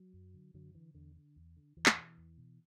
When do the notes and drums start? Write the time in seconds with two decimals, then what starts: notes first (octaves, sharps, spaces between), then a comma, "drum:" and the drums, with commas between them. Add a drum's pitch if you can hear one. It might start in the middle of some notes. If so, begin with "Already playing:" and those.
Already playing: F#3
0.13 F#2
0.34 D3
0.54 F#2 D3 F#3
0.74 D3 E3
0.95 E2 D3
1.16 D3
1.36 E2
1.56 D3
1.77 E2 E3
1.86 drum: clap
1.98 B2
2.17 E2
2.38 B2